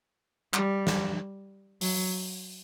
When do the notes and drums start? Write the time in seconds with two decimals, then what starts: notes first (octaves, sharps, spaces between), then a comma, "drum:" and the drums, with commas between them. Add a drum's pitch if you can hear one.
0.54 G3, drum: clap
0.87 drum: snare
1.81 F#3, drum: open hi-hat